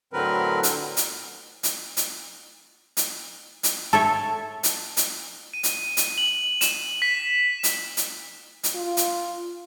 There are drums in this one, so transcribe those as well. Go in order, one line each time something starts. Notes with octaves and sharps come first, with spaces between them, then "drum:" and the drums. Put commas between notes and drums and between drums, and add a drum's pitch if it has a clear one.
A2 D3 F#3 C4 A#4 B4
drum: hi-hat
drum: hi-hat
drum: hi-hat
drum: hi-hat
drum: hi-hat
drum: hi-hat
A4 C#5 E5 A5
drum: hi-hat
drum: hi-hat
D#7
drum: hi-hat
drum: hi-hat
F#7
E7, drum: hi-hat
B6
drum: hi-hat
drum: hi-hat
drum: hi-hat
F4
drum: hi-hat